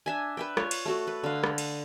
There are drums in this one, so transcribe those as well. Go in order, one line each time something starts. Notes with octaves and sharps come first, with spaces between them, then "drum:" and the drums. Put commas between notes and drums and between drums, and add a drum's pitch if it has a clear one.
D4 E5 G#5
B4 E5 G5
F4 C#5, drum: rim click
drum: cymbal
A3 F#4 A4
B4
D3 F5
drum: rim click
drum: cymbal